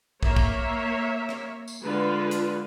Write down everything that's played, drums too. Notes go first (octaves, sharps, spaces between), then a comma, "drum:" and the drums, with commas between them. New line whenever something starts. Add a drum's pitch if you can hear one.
A#3 C#5 E5, drum: kick
drum: kick
drum: rim click
drum: tambourine
D3 G#3 F4 B4
drum: hi-hat